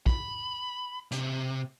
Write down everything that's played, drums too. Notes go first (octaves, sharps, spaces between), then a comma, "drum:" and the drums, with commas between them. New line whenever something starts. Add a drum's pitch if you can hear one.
B5, drum: kick
C3, drum: hi-hat